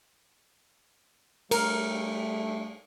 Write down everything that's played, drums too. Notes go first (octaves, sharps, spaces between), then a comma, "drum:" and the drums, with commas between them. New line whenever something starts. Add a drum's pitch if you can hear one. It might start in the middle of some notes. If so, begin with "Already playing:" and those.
G3 A3 A#4, drum: cymbal